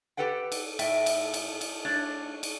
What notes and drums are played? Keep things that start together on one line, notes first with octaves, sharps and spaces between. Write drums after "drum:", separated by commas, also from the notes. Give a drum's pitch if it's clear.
G4 A4 B4 F#5 G5
drum: cymbal
A2 E5 G5, drum: cymbal
drum: cymbal
drum: cymbal
drum: cymbal
A3 D4 C#5 D5
drum: cymbal